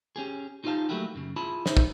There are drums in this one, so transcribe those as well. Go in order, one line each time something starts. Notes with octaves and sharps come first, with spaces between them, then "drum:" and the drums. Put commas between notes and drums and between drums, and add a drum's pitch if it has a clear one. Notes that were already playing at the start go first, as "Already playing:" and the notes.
C#4 G4 G#4
D#4 F4 G4 C5 F5 A5
F#3 A3 A#3 E4 F#4 G4
F#2 C#3
E4 F4 G#4 A5 B5
D#4 E4 G#4 C5 E5, drum: snare
drum: kick